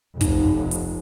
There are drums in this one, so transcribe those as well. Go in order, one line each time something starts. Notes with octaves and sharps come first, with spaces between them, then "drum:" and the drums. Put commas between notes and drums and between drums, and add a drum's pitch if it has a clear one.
F1 D#4, drum: kick, hi-hat
drum: hi-hat